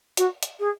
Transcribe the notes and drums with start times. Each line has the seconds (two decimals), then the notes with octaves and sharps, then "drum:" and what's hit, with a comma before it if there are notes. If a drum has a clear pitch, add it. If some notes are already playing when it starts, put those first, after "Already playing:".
0.17 F#4, drum: hi-hat
0.43 drum: hi-hat
0.59 G#4